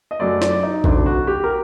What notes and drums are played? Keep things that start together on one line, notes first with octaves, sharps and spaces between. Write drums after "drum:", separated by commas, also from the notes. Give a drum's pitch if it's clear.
D#5
F#2 F#3 A3 D5
D5, drum: snare
D#4
D2 C3 F#3 D4, drum: kick A#1
F#4
G4
A#4